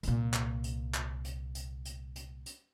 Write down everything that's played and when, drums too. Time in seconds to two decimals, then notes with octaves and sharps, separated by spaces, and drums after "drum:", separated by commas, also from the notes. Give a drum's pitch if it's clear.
0.03 C2 A#2, drum: hi-hat
0.34 drum: clap
0.64 drum: hi-hat
0.94 drum: clap
1.25 drum: hi-hat
1.55 drum: hi-hat
1.85 drum: hi-hat
2.16 drum: hi-hat
2.46 drum: hi-hat